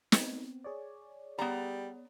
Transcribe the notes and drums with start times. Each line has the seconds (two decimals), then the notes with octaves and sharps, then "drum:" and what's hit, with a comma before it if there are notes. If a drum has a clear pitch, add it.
0.12 B3 C4, drum: snare
0.64 G#4 C#5 D5
1.39 G3 B3 A#5